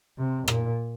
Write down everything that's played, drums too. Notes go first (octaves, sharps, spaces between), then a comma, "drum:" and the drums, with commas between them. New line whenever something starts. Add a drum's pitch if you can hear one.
C3
A#2, drum: rim click